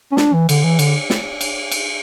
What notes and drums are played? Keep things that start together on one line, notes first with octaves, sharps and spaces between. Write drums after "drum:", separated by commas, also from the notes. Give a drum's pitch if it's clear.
C#4
D4, drum: snare
E3
D3, drum: cymbal
E3
D3, drum: cymbal
drum: snare
drum: cymbal
drum: cymbal